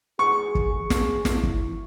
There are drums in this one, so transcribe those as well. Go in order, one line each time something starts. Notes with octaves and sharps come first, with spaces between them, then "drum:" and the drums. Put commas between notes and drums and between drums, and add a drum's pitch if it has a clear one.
G#4 C#6
drum: kick
G#4
drum: snare
E4, drum: snare
drum: kick